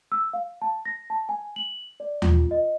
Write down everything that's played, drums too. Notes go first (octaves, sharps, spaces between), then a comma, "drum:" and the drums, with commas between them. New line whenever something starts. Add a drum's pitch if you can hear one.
E6
F5
A5
A#6
A5
G#5
F#7
D5
F4, drum: tom D#2
D#5